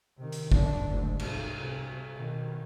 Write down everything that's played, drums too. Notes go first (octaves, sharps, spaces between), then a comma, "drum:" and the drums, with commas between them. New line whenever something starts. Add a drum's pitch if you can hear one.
C3 D#3
drum: hi-hat
F#2 D4, drum: kick F1
D2 G#2
C2, drum: cymbal
C3
B2 D#3